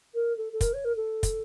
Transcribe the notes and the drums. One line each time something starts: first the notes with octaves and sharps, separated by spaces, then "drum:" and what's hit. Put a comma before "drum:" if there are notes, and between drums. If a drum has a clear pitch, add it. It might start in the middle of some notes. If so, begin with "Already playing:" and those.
A#4
A4
A4
A#4, drum: kick, hi-hat
C#5
A#4
A4
drum: kick, hi-hat